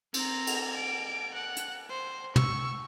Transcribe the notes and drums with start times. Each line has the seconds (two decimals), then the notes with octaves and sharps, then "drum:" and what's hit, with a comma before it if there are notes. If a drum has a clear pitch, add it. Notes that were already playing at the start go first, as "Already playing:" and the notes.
0.14 C4 A#5, drum: cymbal
0.47 drum: cymbal
0.77 D7
1.34 F#5
1.57 drum: hi-hat
1.90 C5
2.36 C#6 E6, drum: tom